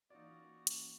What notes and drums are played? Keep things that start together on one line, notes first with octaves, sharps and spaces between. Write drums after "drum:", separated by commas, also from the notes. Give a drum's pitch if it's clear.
E3 A#3 C#4 D#4 F4 F#4 D5
drum: hi-hat